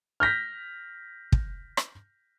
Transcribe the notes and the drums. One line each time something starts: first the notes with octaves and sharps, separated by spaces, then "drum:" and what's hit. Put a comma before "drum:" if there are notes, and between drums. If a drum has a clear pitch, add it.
F6 G6 A#6 B6
drum: kick
drum: rim click